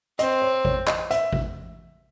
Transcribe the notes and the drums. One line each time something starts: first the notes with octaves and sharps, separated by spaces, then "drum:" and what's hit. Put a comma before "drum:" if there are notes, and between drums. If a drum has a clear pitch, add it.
C4 D#5, drum: hi-hat
C#5
C#5, drum: kick
D#5, drum: clap
E5, drum: hi-hat
drum: kick